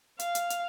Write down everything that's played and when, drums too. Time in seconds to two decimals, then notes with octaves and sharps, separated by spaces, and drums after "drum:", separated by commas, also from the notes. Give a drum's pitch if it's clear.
0.20 F5, drum: hi-hat
0.35 drum: hi-hat
0.50 drum: hi-hat